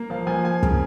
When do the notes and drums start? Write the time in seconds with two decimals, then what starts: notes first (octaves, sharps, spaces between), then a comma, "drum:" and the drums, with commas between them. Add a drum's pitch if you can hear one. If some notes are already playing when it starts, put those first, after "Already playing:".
Already playing: A#3
0.10 F3 F5
0.27 F3 G#5
0.45 A#3 G#5
0.63 C#3, drum: kick